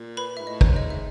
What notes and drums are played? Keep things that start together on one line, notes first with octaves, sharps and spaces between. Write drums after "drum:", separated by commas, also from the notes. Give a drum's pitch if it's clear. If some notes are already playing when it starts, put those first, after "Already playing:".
Already playing: A#2
B4 B5
G#2 E5
A2 D#5
G#2 C#5, drum: kick
D#5
E5